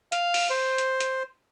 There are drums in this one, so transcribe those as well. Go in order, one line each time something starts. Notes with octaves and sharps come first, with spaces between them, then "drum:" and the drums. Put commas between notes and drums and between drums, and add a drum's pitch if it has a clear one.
F5, drum: hi-hat
drum: open hi-hat
C5
drum: hi-hat
drum: hi-hat